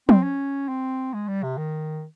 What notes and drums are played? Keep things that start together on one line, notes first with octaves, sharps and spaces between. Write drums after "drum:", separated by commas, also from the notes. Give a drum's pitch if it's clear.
C4, drum: tom
C#4
C4
G#3
G3
C3
D#3